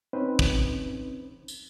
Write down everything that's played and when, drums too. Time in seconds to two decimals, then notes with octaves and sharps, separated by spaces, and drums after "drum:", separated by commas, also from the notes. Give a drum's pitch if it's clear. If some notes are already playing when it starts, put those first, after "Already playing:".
0.13 C4 C#4 D#4 B4 C5
0.39 drum: kick
1.48 drum: tambourine